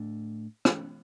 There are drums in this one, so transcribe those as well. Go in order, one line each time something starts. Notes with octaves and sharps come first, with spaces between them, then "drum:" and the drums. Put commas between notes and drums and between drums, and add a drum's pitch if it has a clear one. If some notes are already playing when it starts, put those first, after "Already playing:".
Already playing: A2 A3 D4
drum: rim click